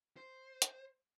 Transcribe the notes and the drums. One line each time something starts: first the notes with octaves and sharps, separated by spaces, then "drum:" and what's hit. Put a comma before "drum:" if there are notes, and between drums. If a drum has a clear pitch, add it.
C5
drum: hi-hat